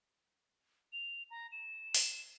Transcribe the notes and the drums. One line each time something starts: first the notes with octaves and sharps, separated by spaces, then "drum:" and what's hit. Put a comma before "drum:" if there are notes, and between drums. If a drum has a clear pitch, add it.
F7
A#5
E7
drum: open hi-hat